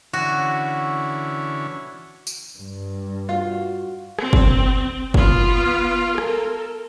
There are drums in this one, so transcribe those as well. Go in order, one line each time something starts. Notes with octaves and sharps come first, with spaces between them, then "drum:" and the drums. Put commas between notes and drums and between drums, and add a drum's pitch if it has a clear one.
D3 E3 C#4 F#4
drum: tambourine
G2
F4 F#4
C4, drum: rim click
drum: kick
B3 F4, drum: kick
A4 A#4, drum: rim click